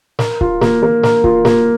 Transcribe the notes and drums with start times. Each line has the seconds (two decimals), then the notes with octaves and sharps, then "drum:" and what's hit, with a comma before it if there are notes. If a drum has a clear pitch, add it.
0.19 A#4, drum: snare
0.41 F4, drum: kick
0.61 A#3, drum: snare
0.83 A#3
1.03 A#4, drum: snare
1.24 F4, drum: kick
1.45 A#3, drum: snare